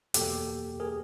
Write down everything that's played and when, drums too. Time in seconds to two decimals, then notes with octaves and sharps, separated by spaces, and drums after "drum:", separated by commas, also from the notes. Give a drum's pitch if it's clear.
0.14 E2 B2 F#3 A#3 G4 A4, drum: hi-hat
0.80 G#4 A#4